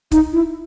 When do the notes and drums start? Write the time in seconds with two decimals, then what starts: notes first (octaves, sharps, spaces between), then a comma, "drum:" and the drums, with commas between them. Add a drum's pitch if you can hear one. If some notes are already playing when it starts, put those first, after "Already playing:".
0.11 D#4, drum: kick, hi-hat
0.33 E4